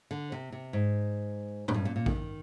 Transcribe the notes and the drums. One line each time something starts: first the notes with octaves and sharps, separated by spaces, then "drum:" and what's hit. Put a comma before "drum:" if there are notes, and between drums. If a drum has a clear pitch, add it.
D3
C3
C3
G#2
G#2, drum: tom
G2
A#2
A#2
D#3, drum: kick A1